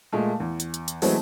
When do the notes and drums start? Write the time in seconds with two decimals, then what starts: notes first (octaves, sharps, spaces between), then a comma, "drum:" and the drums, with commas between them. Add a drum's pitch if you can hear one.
0.12 A#2 G#3 A3
0.40 E2
0.60 drum: hi-hat
0.74 drum: hi-hat
0.88 drum: hi-hat
1.02 E3 F#3 G#3 A3 B3 C4, drum: open hi-hat